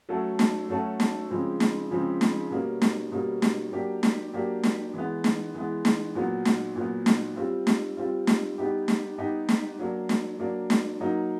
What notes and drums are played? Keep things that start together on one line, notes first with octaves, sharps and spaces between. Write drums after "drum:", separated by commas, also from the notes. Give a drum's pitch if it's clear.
F#3 A3 C#4 F#4 A4
drum: snare
F#3 A3 C#4 F#4 A4
drum: snare
C#3 F3 G#3 C4
drum: snare
C#3 F3 G#3 C4
drum: snare
B2 G3 A#3 C#4
drum: snare
B2 G3 A#3 C#4
drum: snare
F#3 A#3 D4 G4
drum: snare
F#3 A#3 D4 G4
drum: snare
E3 G#3 B3
drum: snare
E3 G#3 B3
drum: snare
A#2 F#3 B3
drum: snare
A#2 F#3 B3
drum: snare
G3 C4 F4
drum: snare
G3 C4 F4
drum: snare
G3 B3 D#4 G4
drum: snare
G3 B3 D#4 G4
drum: snare
F#3 A#3 D4
drum: snare
F#3 A#3 D4
drum: snare
F#3 A#3 D#4